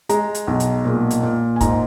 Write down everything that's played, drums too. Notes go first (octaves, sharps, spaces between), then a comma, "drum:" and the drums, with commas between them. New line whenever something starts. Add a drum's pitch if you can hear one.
G#3 A#5, drum: hi-hat
drum: hi-hat
B1
drum: hi-hat
A#2
drum: hi-hat
A#2
G#5
G#2 A#5, drum: kick, hi-hat